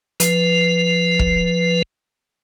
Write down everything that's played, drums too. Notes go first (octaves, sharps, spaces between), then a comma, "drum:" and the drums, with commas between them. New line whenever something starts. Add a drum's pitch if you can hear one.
F3 B4, drum: hi-hat
drum: kick